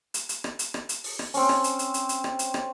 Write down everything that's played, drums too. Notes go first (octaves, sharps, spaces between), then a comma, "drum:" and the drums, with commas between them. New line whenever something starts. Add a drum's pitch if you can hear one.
drum: hi-hat
drum: hi-hat
drum: rim click
drum: hi-hat
drum: rim click
drum: hi-hat
drum: open hi-hat
drum: rim click
C4 C#4, drum: open hi-hat
drum: rim click
drum: hi-hat
drum: hi-hat
drum: hi-hat
drum: hi-hat
drum: rim click
drum: hi-hat
drum: rim click